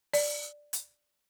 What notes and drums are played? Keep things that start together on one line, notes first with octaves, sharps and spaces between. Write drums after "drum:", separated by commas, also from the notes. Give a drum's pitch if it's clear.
D5, drum: open hi-hat
drum: hi-hat